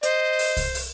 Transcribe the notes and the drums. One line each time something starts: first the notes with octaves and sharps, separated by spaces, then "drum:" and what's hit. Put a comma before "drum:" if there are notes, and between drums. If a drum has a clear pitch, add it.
C5 D#5, drum: hi-hat
drum: open hi-hat
drum: kick C2, open hi-hat
drum: open hi-hat